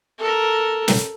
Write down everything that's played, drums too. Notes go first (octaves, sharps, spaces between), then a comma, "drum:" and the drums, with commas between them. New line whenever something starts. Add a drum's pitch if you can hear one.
A4 A#4
drum: snare